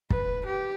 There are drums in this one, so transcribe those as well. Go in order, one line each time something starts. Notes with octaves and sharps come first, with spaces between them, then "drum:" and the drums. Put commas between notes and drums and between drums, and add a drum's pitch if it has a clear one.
B4, drum: kick
G4